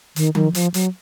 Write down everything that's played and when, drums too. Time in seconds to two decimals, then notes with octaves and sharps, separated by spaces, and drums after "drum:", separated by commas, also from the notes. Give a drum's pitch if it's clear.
0.16 D#3, drum: hi-hat
0.35 D#3, drum: tom F3
0.55 F3, drum: hi-hat
0.74 F#3, drum: hi-hat